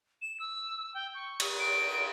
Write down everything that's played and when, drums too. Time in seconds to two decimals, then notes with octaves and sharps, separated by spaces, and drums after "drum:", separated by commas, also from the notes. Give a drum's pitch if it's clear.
0.22 E7
0.40 E6
0.94 G5
1.15 C#6
1.40 drum: cymbal
1.59 D7